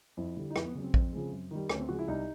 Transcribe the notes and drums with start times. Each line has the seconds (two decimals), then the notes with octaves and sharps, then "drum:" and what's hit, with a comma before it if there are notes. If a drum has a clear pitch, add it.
0.17 F2 E4
0.37 D3 G3
0.50 D#4
0.56 F2 E4, drum: rim click
0.65 B3
0.75 C#3 F#3
0.84 C4
0.94 F2, drum: kick
1.13 C#3 F3 G#3
1.32 F#2
1.51 D#3 G3
1.70 D2 C#4, drum: rim click
1.80 C4
1.89 C#3 F3 G#3 F#4
1.99 E4
2.08 C2 D#4